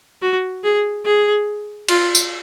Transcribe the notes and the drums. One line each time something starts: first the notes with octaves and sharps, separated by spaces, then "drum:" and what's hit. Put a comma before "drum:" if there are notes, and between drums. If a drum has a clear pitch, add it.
F#4
G#4
G#4
F4, drum: cymbal
drum: tambourine